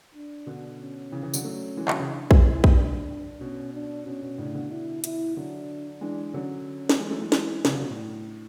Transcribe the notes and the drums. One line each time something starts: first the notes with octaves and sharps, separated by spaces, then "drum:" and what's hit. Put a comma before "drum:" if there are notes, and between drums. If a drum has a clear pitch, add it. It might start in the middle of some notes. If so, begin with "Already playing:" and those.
D4
B2 D3
C#4
C#3 E3
C#3 E3
D3 F#3, drum: tambourine
F#3 A3 C#4
E3 G#3
D3 F#3, drum: clap
C#3 E3
D4
drum: kick A#1
E4
drum: kick A#1
D4
B2 C#4
D4
B2 C#4
B2
A2 C#3 D4
B2 D3
E4
E4, drum: hi-hat
D3 F#3 D4
E3 G#3 D4
D3 F#3 C#4
drum: snare
E3 G#3
F#3 A3
E3 G#3
E4, drum: snare
C#3 E3 D4, drum: snare
D3 F#3
B2
A2